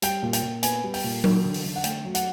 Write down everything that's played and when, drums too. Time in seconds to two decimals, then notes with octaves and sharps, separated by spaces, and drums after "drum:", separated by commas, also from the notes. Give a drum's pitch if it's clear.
0.02 G3 G5, drum: hi-hat
0.23 A#2
0.33 G5, drum: hi-hat
0.43 A#2
0.63 B3 G#5, drum: hi-hat
0.84 G3
0.94 G5, drum: open hi-hat
1.04 A#2
1.24 F#3, drum: tom F#3
1.44 D3
1.54 drum: open hi-hat
1.64 D3
1.76 F#5
1.84 A3 G5, drum: hi-hat
2.05 F#3
2.15 F#5, drum: hi-hat